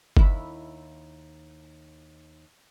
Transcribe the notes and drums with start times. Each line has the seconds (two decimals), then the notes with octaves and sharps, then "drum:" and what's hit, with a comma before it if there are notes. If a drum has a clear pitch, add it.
0.17 D#2 E4, drum: kick G1